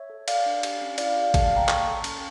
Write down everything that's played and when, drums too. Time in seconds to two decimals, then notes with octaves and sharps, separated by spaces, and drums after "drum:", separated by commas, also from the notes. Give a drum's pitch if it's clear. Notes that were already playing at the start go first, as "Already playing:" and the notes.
Already playing: C#5 E5
0.10 A4
0.28 A4 D5 F5, drum: cymbal
0.46 D4
0.63 G4, drum: cymbal
0.81 C#4
0.98 E4 D5 F5, drum: cymbal
1.11 D5 F5
1.16 G4
1.22 D5 F5
1.34 A4 F5 A5, drum: kick, cymbal
1.45 F5 A5
1.51 A#3
1.57 G5 A#5
1.68 A4 A5 C#6, drum: clap
1.87 A4
2.04 C#4, drum: cymbal